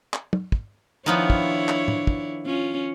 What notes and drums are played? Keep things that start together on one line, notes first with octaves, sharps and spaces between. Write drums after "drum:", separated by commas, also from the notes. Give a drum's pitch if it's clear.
drum: clap
drum: tom
drum: kick
D#3 F3 B3 D4 E4 C#5
drum: kick
drum: clap
drum: tom
drum: kick
C#4 F4